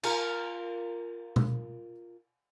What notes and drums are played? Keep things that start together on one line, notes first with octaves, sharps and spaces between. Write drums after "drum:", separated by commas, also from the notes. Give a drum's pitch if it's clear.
F4 A#4, drum: cymbal
drum: tom B2